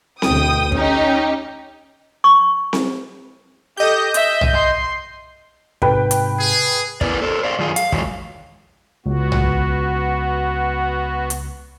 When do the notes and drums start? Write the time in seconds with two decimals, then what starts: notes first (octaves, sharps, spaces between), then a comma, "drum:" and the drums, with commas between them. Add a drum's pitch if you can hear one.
0.22 D2 B2 G5 D#6, drum: snare C4
0.72 C#4 D#4 G4, drum: kick
2.24 C#6
2.73 drum: snare C4
3.77 G4 A4 D#5 G6
4.14 E5, drum: hi-hat
4.41 drum: tom B1
4.54 C6
5.82 G#2 C3 B4 G5, drum: kick
6.11 drum: hi-hat
6.39 G#4
7.01 B3 E4 A#4 B4 D5, drum: kick
7.22 A4 A#4 C5
7.43 C5 D5 F5
7.59 F#2 D#3 F4 G#4
7.76 F5, drum: hi-hat
7.92 D#3 E3 F#3 G#3 A3, drum: kick
9.06 C#2 B3 F#4
9.32 drum: tom B1
11.30 drum: hi-hat